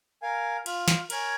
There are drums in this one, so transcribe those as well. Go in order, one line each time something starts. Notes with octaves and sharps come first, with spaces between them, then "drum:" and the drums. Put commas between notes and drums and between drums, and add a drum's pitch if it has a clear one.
A#4 F5 G#5
F4, drum: cymbal
drum: snare
A#4 C#5 G#5, drum: cymbal